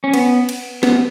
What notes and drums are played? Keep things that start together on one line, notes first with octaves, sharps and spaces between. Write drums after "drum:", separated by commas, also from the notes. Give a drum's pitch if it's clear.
C#4
B3, drum: cymbal
drum: cymbal
B3, drum: snare